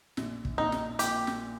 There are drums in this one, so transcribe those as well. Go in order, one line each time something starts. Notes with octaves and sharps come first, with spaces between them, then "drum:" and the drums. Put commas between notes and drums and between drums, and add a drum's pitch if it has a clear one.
A#1, drum: snare
drum: kick
A#1 D#4
drum: snare
A#2 G4, drum: hi-hat
drum: snare